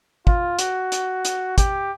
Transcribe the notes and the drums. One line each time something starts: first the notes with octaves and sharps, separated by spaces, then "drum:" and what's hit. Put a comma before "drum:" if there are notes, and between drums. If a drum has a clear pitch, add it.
F4, drum: kick
F#4, drum: hi-hat
drum: hi-hat
drum: hi-hat
G4, drum: kick, hi-hat